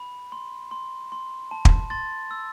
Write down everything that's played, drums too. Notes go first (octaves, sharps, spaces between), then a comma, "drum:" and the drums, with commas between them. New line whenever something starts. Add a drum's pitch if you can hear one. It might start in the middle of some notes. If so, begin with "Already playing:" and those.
Already playing: B5
C6
C6
C6
A5
drum: kick
C6 A6
E6